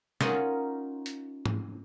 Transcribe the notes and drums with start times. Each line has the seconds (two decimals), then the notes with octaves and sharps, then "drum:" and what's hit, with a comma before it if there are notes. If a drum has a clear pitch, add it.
0.21 C#4 D#4 F4 A#4 D#5 F#5, drum: snare
1.06 drum: hi-hat
1.46 drum: tom G#2